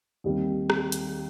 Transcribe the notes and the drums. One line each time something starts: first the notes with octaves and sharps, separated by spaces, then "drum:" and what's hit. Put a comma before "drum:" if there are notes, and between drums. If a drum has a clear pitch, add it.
D#2 D#3 G3 C4
drum: rim click
drum: hi-hat